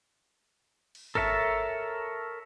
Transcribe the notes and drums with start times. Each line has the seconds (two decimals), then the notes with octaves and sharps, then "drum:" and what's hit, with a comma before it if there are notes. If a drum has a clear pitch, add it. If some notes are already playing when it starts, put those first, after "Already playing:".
0.95 drum: cymbal
1.15 A4 A#4 C#5 E5 A5, drum: kick G#1